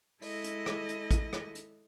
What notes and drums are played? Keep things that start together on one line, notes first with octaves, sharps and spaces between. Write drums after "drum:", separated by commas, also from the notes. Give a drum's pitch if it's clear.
G#3 E4 A4 D#5 A#6, drum: open hi-hat
drum: hi-hat
drum: rim click
drum: hi-hat
drum: kick, hi-hat
drum: rim click
drum: hi-hat